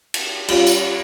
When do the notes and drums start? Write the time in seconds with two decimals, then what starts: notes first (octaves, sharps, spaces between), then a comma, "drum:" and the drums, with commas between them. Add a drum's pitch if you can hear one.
0.14 drum: cymbal
0.48 G3 C#4 F4 G4, drum: cymbal
0.67 drum: tambourine